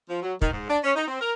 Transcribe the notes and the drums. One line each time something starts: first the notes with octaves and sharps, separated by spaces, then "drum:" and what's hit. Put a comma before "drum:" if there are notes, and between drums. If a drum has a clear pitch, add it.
F3
F#3
D#3, drum: kick
G#2
D4
C#4
D#4
C4
A#4